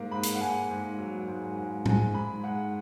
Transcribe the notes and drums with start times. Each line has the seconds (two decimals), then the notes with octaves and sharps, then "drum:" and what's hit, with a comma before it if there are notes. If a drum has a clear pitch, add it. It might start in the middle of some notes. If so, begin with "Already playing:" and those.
Already playing: G#2 A#3
0.11 G#2 B5
0.23 drum: hi-hat
0.34 F#5
0.40 G#2 G#5
0.70 G#2
0.99 F#3
1.28 G#2
1.57 G#2
1.86 G#2 G#5, drum: tom A2
2.14 G#2 B5
2.44 G#2 F#5